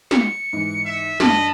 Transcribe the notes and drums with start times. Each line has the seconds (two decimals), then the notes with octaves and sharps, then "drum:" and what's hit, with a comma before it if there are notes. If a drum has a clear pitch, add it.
0.11 C#7, drum: snare
0.53 G#2 E3
0.85 E5
1.20 G2 D#5 A5 B5, drum: snare